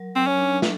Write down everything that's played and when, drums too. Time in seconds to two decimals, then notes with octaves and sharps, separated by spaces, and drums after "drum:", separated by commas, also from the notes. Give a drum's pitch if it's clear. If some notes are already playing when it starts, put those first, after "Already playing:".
Already playing: F#3 A#4
0.16 F#3 C4
0.27 C#4
0.39 D4
0.62 A4, drum: snare